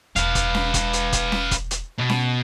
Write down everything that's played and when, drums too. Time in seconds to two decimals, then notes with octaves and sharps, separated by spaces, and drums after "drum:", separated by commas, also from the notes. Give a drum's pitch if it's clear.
0.16 E1 B4 F5, drum: hi-hat
0.35 drum: kick, hi-hat
0.55 drum: snare C#4
0.74 drum: kick, hi-hat
0.93 drum: hi-hat
1.13 drum: kick, hi-hat
1.32 drum: snare C#4
1.51 drum: kick, hi-hat
1.71 drum: hi-hat
1.98 B2
2.09 drum: snare C#4